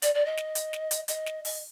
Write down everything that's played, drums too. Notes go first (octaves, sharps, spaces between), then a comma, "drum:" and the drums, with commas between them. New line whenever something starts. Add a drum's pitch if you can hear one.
D5, drum: hi-hat
D5
D#5
drum: snare
drum: hi-hat
drum: snare
drum: hi-hat
D#5, drum: hi-hat
drum: snare
D#5, drum: open hi-hat